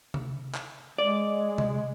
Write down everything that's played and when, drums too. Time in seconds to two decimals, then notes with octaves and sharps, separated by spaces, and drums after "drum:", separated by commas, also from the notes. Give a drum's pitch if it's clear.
0.14 drum: tom C3
0.54 drum: clap
0.98 G#3 D5
1.58 drum: tom C3